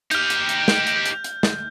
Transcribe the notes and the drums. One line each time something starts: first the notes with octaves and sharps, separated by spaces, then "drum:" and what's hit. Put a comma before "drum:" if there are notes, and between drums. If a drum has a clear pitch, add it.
D#4 G4 F6 G6, drum: hi-hat
drum: hi-hat
drum: hi-hat
drum: snare
drum: hi-hat
drum: hi-hat
drum: hi-hat
drum: snare